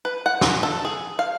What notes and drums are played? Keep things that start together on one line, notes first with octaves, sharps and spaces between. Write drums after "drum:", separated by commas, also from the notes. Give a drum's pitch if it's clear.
B4
F#5
drum: snare
A4
G#4
F5